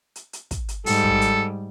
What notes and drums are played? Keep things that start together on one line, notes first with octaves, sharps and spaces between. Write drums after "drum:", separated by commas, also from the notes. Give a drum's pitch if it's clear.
drum: hi-hat
drum: hi-hat
drum: kick, hi-hat
drum: hi-hat
G#2 G3 A4, drum: open hi-hat
drum: kick
drum: hi-hat